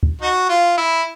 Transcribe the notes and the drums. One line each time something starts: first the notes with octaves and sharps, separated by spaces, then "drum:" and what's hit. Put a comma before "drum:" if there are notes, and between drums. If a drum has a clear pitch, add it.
drum: kick C#2
D#4 F#4
F4
E4